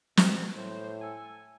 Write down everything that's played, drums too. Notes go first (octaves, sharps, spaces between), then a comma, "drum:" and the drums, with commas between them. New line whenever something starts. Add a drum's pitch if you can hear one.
B2 E3 G3 C4, drum: snare
A2 C5
A4 G#5